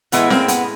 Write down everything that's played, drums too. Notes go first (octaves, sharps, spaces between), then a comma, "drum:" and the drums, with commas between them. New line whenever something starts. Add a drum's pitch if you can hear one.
A2 E3 G#3 B3, drum: hi-hat
A#3 C4, drum: snare C#4
B3, drum: hi-hat